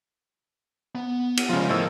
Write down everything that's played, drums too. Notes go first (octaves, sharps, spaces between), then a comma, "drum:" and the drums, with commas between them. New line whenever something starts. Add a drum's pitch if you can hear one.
B3
drum: cymbal
C#3 F3 G#3 F4
A2 F3 A#4 D#5 E6